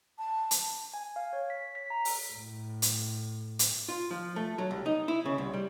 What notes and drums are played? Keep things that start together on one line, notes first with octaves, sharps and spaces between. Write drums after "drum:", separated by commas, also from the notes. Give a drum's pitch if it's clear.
A5
drum: hi-hat
G#5
F5
C#5
B6
B6
A#5
drum: open hi-hat
A2
drum: hi-hat
drum: hi-hat
F4
F3
A3
F#3
C2
D#4
E4
C#3
C2
G3